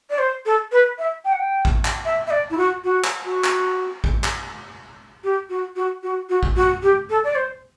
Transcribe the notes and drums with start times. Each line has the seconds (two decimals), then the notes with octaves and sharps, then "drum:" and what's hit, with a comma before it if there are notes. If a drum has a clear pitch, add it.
0.10 D5
0.19 C5
0.46 A4
0.72 B4
0.98 E5
1.25 G5
1.32 F#5
1.39 G5
1.65 drum: kick A1
1.85 drum: clap
2.05 E5
2.27 E5
2.31 D5
2.50 E4
2.58 F#4
2.84 F#4
3.04 drum: clap
3.25 F#4
3.44 drum: clap
4.04 drum: kick A1
4.24 drum: clap
5.24 G4
5.49 F#4
5.76 F#4
6.03 F#4
6.29 F#4
6.43 drum: kick A1
6.56 F#4
6.82 G4
7.10 A4
7.24 D5
7.35 C5